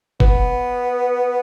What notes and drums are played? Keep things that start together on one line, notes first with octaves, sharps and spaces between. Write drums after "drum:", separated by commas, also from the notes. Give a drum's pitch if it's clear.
B3, drum: kick F#1